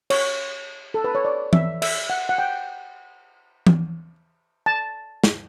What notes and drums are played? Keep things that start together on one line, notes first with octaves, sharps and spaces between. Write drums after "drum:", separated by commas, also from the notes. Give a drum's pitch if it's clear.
C#5, drum: cymbal
A4
B4
C#5
D5
E5, drum: tom E3
E5, drum: cymbal
F#5
F#5
G5
drum: tom E3
A5
drum: snare